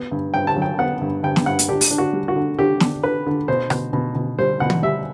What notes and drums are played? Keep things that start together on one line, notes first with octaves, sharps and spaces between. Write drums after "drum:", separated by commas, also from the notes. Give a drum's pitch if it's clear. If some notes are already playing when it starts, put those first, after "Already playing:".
Already playing: B3
G2
G2 G5
A5
F#3
G5
B3 F#5
G2
G2 G5
drum: snare
G2 F#5
drum: hi-hat
D4 G4
drum: open hi-hat
D4
F#4
G3
F#4
D3
D3 G4
D4, drum: snare
D3 B4
D3
B2 C5
B2, drum: rim click
B2
B2
G3 C5
B2 F#5
drum: tom
G3 E5